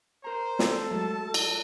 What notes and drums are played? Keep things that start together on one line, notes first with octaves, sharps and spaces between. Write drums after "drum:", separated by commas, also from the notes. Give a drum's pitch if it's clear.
A#4 C5 A#5
A3 A4, drum: snare
F#3 G#3 A3 A5
drum: cymbal